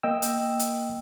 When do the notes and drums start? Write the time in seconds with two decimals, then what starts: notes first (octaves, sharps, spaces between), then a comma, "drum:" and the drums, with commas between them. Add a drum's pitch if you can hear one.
0.03 A#3 D#5 G5 E6
0.22 drum: hi-hat
0.59 drum: hi-hat